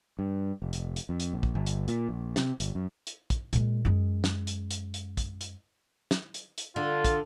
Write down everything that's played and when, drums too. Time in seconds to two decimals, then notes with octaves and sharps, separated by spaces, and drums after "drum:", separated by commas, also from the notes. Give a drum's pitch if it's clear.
0.19 G2
0.62 F1
0.73 drum: hi-hat
0.96 drum: hi-hat
1.09 F2
1.20 drum: hi-hat
1.34 A#1
1.43 drum: kick
1.55 G1
1.66 drum: hi-hat
1.88 A#2, drum: hi-hat
2.09 A#1
2.36 C3, drum: snare
2.60 G1, drum: hi-hat
2.75 F#2
3.07 drum: hi-hat
3.30 drum: kick, hi-hat
3.53 A#2 G#3, drum: hi-hat
3.85 F#2 G#3
4.24 drum: snare
4.47 drum: hi-hat
4.71 drum: hi-hat
4.94 drum: hi-hat
5.17 drum: kick, hi-hat
5.41 drum: hi-hat
6.11 drum: snare
6.34 drum: hi-hat
6.58 drum: hi-hat
6.76 D3 F4
7.04 drum: kick, hi-hat